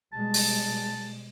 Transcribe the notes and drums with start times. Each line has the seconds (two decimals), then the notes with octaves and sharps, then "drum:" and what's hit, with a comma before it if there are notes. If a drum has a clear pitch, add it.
0.13 B2 G3 G#3 A5
0.34 drum: open hi-hat